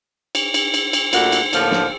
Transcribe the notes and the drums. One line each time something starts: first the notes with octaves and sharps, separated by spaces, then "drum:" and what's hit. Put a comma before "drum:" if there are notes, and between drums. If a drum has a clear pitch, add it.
drum: cymbal
drum: cymbal
drum: cymbal
drum: cymbal
A#2 G3 A3 F#4 F#5, drum: cymbal
drum: cymbal
A2 D3 F3 A#3, drum: cymbal
drum: snare